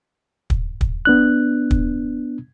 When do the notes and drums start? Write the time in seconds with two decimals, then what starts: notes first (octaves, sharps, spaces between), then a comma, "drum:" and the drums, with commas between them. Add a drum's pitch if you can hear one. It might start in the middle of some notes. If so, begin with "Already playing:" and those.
0.50 drum: kick
0.81 drum: kick
1.05 B3 D4 F#6
1.71 drum: kick